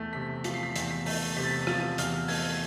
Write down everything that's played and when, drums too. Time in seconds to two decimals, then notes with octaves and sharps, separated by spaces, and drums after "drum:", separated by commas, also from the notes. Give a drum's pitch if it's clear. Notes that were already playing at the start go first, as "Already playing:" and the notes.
Already playing: E2 A3
0.13 C3 B6
0.44 F3 B6, drum: hi-hat
0.54 C7
0.63 B6
0.76 E2, drum: hi-hat
0.91 B6
1.06 A3, drum: open hi-hat
1.36 C3 B6
1.43 A6
1.51 B6
1.67 F3 A6, drum: rim click
1.98 E2 F6, drum: hi-hat
2.28 A3 G#6, drum: open hi-hat